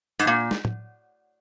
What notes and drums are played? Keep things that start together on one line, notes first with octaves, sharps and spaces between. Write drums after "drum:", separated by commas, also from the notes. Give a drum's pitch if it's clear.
G#2, drum: hi-hat
A#2
drum: snare
drum: tom